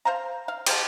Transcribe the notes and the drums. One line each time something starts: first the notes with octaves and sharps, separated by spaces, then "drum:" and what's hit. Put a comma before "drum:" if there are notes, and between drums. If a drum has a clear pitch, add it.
C5 F5 A5 A#5
F5
G4 C5 F5 A5, drum: cymbal